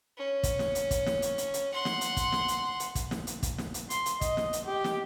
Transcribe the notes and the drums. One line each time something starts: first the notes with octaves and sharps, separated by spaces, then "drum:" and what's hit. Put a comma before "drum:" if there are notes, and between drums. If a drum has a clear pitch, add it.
C#4
drum: kick, hi-hat
drum: snare
drum: hi-hat
drum: kick, hi-hat
drum: snare
drum: hi-hat
drum: hi-hat
drum: hi-hat
F#5 C6
drum: snare
drum: hi-hat
drum: kick, hi-hat
drum: snare
drum: hi-hat
drum: hi-hat
drum: kick, hi-hat
drum: snare
drum: hi-hat
drum: kick, hi-hat
drum: snare
drum: hi-hat
C6, drum: hi-hat
drum: hi-hat
D#5, drum: kick, hi-hat
drum: snare
drum: hi-hat
G4
drum: snare